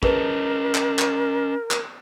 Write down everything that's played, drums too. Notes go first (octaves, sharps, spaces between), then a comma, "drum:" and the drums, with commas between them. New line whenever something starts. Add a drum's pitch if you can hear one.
C#4 G#4 A#4 B4 D#5 A5, drum: kick
drum: clap
drum: clap
drum: clap